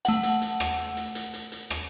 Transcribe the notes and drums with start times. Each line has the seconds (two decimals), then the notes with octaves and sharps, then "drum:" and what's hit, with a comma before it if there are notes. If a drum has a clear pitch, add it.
0.05 A3 F#5, drum: hi-hat
0.23 drum: hi-hat
0.42 drum: hi-hat
0.60 drum: rim click
0.97 drum: hi-hat
1.15 drum: hi-hat
1.34 drum: hi-hat
1.52 drum: hi-hat
1.70 drum: rim click